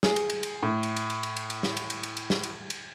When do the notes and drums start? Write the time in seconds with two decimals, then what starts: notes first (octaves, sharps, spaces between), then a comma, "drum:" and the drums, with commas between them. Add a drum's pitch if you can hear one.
0.03 G#4, drum: snare
0.16 drum: cymbal
0.30 drum: cymbal
0.43 drum: cymbal
0.63 A2
0.83 drum: cymbal
0.96 drum: cymbal
1.10 drum: cymbal
1.23 drum: cymbal
1.37 drum: cymbal
1.50 drum: cymbal
1.63 drum: snare
1.77 drum: cymbal
1.90 drum: cymbal
2.03 drum: cymbal
2.17 drum: cymbal
2.30 drum: snare
2.43 drum: cymbal
2.70 drum: cymbal